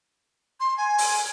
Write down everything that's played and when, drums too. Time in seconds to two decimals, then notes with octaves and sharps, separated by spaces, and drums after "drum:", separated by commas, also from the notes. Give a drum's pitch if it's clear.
0.60 C6
0.78 G#5
0.98 drum: open hi-hat